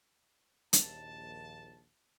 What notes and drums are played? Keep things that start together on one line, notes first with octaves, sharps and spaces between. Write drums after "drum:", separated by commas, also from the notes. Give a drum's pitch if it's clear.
A#1 D#2 A5, drum: hi-hat